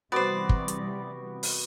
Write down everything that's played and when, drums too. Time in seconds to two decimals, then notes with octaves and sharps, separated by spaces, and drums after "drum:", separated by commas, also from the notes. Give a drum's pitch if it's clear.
0.12 C3 E3 G3 B3 F#4 C5 D5 D6
0.49 drum: kick
0.68 drum: hi-hat
1.43 drum: open hi-hat